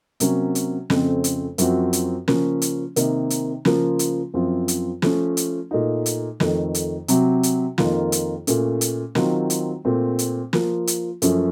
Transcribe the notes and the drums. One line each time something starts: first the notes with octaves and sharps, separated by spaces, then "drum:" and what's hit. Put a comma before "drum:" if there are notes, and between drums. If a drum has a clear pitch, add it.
C3 F#3 A#3 C#4, drum: hi-hat
drum: hi-hat
F2 C#3 A3 C4, drum: snare
drum: hi-hat
F#2 F3 C4 F#4, drum: hi-hat
drum: hi-hat
C#3 F3 A#3 C#4, drum: snare
drum: hi-hat
C3 D#3 A#3 D#4, drum: hi-hat
drum: hi-hat
C#3 F3 A#3 F4, drum: snare
drum: hi-hat
F#2 F3 C4 F4
drum: hi-hat
F3 A3 C#4, drum: snare
drum: hi-hat
A#2 A3 D#4
drum: hi-hat
F2 D#3 A3, drum: snare
drum: hi-hat
C3 F#3 C4, drum: hi-hat
drum: hi-hat
F2 D#3 A#3 F4, drum: snare
drum: hi-hat
A#2 A3 C#4, drum: hi-hat
drum: hi-hat
D#3 F#3 C4 F4, drum: snare
drum: hi-hat
A#2 A3 C4
drum: hi-hat
F3 A#3 F4, drum: snare
drum: hi-hat
F#2 F3 A3 C#4, drum: hi-hat